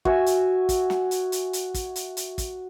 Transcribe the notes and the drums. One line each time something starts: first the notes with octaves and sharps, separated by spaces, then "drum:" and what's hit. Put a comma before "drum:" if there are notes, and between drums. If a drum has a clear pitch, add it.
F#4 E5 G#5 E6, drum: kick
drum: hi-hat
drum: kick, hi-hat
drum: snare
drum: hi-hat
drum: hi-hat
drum: hi-hat
drum: kick, hi-hat
drum: hi-hat
drum: hi-hat
drum: kick, hi-hat